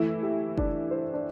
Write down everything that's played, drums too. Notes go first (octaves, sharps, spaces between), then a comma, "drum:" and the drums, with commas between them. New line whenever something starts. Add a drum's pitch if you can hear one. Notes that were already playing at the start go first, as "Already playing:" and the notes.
Already playing: E3 A3 E4
G4
D4, drum: kick F#1
C5
D4